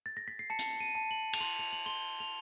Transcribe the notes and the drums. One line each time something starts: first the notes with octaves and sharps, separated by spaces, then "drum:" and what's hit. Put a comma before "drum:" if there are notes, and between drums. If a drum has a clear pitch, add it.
A6
A#6
B6
C7
A5 C#7
drum: hi-hat
D#7
A5
F#7
F7, drum: cymbal
C6 F#7
F7
F#7
C6 G7
F7